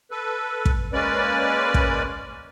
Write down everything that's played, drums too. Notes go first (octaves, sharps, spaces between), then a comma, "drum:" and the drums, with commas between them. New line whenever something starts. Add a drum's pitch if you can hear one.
A4 B4
drum: kick
G#3 A#3 C#4 B4 D5
drum: kick